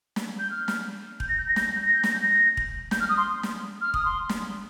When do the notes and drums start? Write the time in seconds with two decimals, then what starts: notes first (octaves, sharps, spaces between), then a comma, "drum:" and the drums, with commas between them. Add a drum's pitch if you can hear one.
0.16 drum: snare
0.39 G6
0.51 F6
0.68 drum: snare
1.20 G6, drum: kick E1
1.29 A#6
1.38 G6
1.48 A#6
1.56 G6, drum: snare
1.66 A#6
1.75 G6
1.84 A#6
1.94 G6
2.03 A#6, drum: snare
2.13 G6
2.22 A#6
2.57 drum: kick E1
2.91 G6, drum: snare
3.00 F6
3.09 D#6
3.17 C6
3.43 drum: snare
3.81 F6
3.94 D#6, drum: kick E1
4.05 C6
4.29 drum: snare